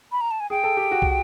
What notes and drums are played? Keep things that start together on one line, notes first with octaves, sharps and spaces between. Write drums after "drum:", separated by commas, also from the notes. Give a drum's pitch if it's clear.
B5
A#5
A5
G#5
G#4 G5
A4
G4
F#4
drum: kick